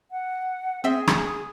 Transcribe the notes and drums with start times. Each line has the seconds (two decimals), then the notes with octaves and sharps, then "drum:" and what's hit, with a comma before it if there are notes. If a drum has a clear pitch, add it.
0.11 F#5
0.84 C4 G#4 E5
1.07 drum: rim click